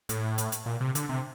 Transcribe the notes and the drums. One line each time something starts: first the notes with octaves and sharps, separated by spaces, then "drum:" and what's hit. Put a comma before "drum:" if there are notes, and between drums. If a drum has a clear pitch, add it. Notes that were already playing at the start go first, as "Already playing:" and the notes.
A2, drum: hi-hat
drum: hi-hat
drum: hi-hat
A#2
C3
D3, drum: hi-hat
C3